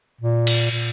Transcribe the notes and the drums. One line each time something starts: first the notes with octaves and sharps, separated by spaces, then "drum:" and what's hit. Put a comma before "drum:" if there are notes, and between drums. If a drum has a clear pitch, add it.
A#2
drum: cymbal
A#2